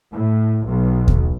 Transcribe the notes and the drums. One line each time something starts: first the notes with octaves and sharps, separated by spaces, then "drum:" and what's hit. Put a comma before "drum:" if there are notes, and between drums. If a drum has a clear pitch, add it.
A2
B1
drum: kick D#2